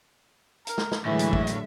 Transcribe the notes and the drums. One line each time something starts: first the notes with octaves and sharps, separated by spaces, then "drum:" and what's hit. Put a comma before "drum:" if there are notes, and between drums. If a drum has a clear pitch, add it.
A#4, drum: hi-hat
drum: snare
drum: snare
A2 D3 E3 F#3 G#3 E5
drum: hi-hat
drum: kick
drum: hi-hat